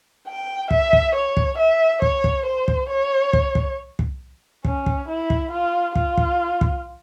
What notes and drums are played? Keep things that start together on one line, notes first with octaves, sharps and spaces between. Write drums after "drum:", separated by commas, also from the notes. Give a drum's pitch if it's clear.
G5
E5, drum: kick
drum: kick
C#5
drum: kick
E5
C#5, drum: kick
drum: kick
C5
drum: kick
C#5
drum: kick
drum: kick
drum: kick
C#4, drum: kick
drum: kick
E4
drum: kick
F4
F4, drum: kick
drum: kick
drum: kick